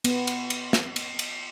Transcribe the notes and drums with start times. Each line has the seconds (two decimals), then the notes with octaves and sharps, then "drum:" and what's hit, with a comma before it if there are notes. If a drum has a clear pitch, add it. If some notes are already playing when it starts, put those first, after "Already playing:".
0.04 B3, drum: cymbal
0.27 drum: cymbal
0.50 drum: cymbal
0.73 drum: snare
0.96 drum: cymbal
1.19 drum: cymbal